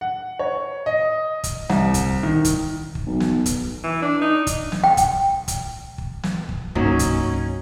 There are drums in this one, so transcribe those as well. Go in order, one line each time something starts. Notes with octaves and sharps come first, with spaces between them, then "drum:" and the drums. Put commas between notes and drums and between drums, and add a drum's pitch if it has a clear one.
F#5
C#5
D#5
drum: kick, hi-hat
C2, drum: snare
drum: kick, hi-hat
D#3
drum: kick, hi-hat
drum: kick
B1
drum: snare
drum: kick, hi-hat
E3
D4
D#4
drum: kick, hi-hat
drum: snare
G5
drum: kick, hi-hat
drum: kick, hi-hat
drum: kick
drum: snare
drum: kick
C2 G2 F#3 A#3 C#4 D#4
drum: kick, hi-hat